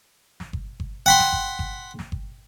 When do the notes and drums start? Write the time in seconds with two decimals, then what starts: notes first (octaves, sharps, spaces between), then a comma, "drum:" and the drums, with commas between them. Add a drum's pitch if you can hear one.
0.40 drum: snare
0.53 drum: kick G1
0.80 drum: kick G1
1.06 F#5 G5 B5 C6
1.19 drum: snare
1.33 drum: kick G1
1.59 drum: kick G1
1.99 drum: snare
2.12 drum: kick G1